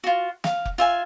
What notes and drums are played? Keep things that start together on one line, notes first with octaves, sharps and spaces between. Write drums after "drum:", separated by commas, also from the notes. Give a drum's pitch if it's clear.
F4 F#4
F5, drum: snare
drum: kick F1
F4 E5 G#5